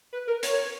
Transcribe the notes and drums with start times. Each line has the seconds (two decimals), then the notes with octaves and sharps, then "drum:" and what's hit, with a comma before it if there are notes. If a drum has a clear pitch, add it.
0.13 B4
0.27 A#4
0.43 C#5, drum: hi-hat